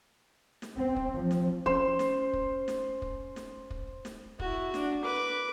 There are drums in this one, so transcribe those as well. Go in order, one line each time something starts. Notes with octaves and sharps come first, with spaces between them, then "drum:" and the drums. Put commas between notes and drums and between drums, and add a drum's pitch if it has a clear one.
drum: snare
C4
drum: kick
F3
drum: snare
C#4 C5 C6 E7, drum: kick
drum: snare
drum: kick
drum: snare
drum: kick
drum: snare
drum: kick
drum: snare
E4 F#4, drum: kick
D4, drum: snare
B4 D6